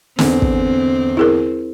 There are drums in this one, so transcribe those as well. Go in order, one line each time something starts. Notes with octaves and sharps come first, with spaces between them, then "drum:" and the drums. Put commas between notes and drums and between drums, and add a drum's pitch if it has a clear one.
G#1 E2 D3 C4, drum: snare
drum: kick
E4 G#4 A#4